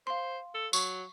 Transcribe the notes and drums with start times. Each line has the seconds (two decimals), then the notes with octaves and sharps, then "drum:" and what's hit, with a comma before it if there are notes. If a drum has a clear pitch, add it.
0.07 C5 F5 C6
0.54 A4
0.73 F#3 C#6, drum: tambourine